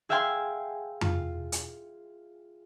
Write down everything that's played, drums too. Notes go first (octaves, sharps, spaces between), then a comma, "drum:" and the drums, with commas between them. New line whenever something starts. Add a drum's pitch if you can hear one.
G#4 E5 F5 G5 G#5 C6
F4, drum: tom F2
drum: hi-hat